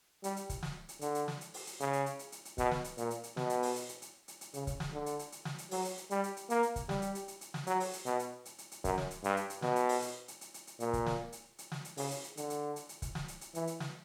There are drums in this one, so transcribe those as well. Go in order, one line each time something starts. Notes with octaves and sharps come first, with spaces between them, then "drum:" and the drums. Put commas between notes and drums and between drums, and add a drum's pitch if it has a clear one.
G3, drum: hi-hat
drum: hi-hat
drum: kick, hi-hat
drum: snare
drum: hi-hat
D3, drum: hi-hat
drum: hi-hat
drum: snare
drum: hi-hat
drum: open hi-hat
drum: hi-hat
C#3, drum: hi-hat
drum: hi-hat
drum: hi-hat
drum: hi-hat
drum: hi-hat
drum: hi-hat
B2, drum: kick, hi-hat
drum: snare
drum: hi-hat
A#2, drum: hi-hat
drum: hi-hat
drum: hi-hat
B2, drum: snare
drum: hi-hat
drum: open hi-hat
drum: hi-hat
drum: hi-hat
drum: hi-hat
drum: hi-hat
drum: hi-hat
C#3, drum: hi-hat
drum: kick, hi-hat
drum: snare
D3
drum: hi-hat
drum: hi-hat
drum: hi-hat
drum: snare
drum: hi-hat
F#3, drum: open hi-hat
drum: hi-hat
drum: hi-hat
G3, drum: hi-hat
drum: hi-hat
drum: hi-hat
A#3, drum: hi-hat
drum: hi-hat
drum: kick, hi-hat
G3, drum: snare
drum: hi-hat
drum: hi-hat
drum: hi-hat
drum: hi-hat
drum: snare
F#3, drum: hi-hat
drum: open hi-hat
drum: hi-hat
B2, drum: hi-hat
drum: hi-hat
drum: hi-hat
drum: hi-hat
drum: hi-hat
F#2, drum: kick, hi-hat
drum: snare
drum: hi-hat
G2, drum: hi-hat
drum: hi-hat
drum: hi-hat
B2, drum: snare
drum: hi-hat
drum: open hi-hat
drum: hi-hat
drum: hi-hat
drum: hi-hat
drum: hi-hat
drum: hi-hat
A#2, drum: hi-hat
drum: kick, hi-hat
drum: snare
drum: hi-hat
drum: hi-hat
drum: snare
drum: hi-hat
C#3, drum: open hi-hat
drum: hi-hat
drum: hi-hat
D3, drum: hi-hat
drum: hi-hat
drum: hi-hat
drum: hi-hat
drum: kick, hi-hat
drum: snare
drum: hi-hat
drum: hi-hat
E3, drum: hi-hat
drum: hi-hat
drum: snare